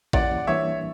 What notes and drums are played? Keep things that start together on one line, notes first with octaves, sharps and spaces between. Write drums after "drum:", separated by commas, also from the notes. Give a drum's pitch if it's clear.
E3 A#3 C#4 E4 G4 D5 F#5, drum: kick A1
E3 G3 A#3 D4 C#5 E5